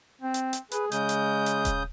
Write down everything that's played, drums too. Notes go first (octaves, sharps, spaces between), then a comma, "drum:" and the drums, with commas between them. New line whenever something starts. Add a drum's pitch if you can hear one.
C4
drum: hi-hat
drum: hi-hat
G#4 B4, drum: hi-hat
C#3 G#3 D#6 G6, drum: hi-hat
drum: hi-hat
drum: hi-hat
drum: kick D#1, hi-hat